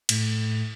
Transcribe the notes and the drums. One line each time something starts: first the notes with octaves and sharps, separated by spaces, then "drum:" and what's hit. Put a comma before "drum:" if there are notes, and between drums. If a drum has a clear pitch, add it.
A2, drum: cymbal